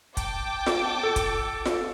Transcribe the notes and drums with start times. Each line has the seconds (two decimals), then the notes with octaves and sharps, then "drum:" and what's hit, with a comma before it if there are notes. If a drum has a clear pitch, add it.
0.17 G5 A5 D6, drum: kick, hi-hat
0.66 drum: snare F4
1.03 A4
1.16 drum: kick, hi-hat
1.66 drum: snare F4